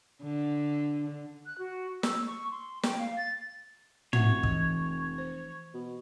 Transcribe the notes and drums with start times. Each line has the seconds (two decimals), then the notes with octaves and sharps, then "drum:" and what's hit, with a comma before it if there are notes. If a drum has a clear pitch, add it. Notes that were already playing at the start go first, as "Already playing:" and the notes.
0.23 D3
1.46 F#6
1.58 F#4
2.03 E6, drum: snare
2.27 C#6
2.51 C6
2.83 G5, drum: snare
2.99 F5
3.17 A6
4.13 F1 F#4 C#5 E5 F#5, drum: tom
4.43 E3, drum: kick
5.18 C5
5.74 B2